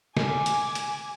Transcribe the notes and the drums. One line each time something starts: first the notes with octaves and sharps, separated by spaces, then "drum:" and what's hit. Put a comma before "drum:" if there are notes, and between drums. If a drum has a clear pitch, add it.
G#5 D6, drum: snare
drum: hi-hat
drum: hi-hat